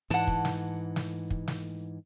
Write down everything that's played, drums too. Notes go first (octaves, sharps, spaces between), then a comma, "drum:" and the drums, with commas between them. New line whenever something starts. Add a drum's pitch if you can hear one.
G#2 E3 F#5 A5
drum: kick
drum: snare
drum: snare
drum: kick
drum: snare